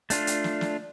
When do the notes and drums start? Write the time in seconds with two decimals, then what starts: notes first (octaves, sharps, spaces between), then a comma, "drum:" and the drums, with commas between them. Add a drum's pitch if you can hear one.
0.10 A3 D4 F4, drum: hi-hat
0.27 drum: hi-hat
0.44 drum: snare
0.61 drum: snare